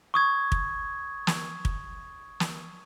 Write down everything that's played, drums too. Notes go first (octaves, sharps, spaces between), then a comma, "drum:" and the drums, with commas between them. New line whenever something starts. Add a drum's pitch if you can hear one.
C#6 D#6 G#6
drum: kick
drum: snare
drum: kick
drum: snare